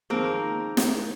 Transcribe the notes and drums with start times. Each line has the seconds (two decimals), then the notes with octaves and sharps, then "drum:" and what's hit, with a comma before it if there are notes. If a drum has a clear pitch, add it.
0.10 D#3 F3 G#3 A#3 C4 A#4
0.77 drum: snare